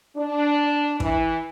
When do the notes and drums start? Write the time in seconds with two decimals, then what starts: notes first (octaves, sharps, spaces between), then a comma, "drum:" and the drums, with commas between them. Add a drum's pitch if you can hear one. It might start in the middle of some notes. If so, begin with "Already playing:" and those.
0.17 D4
1.00 E3, drum: kick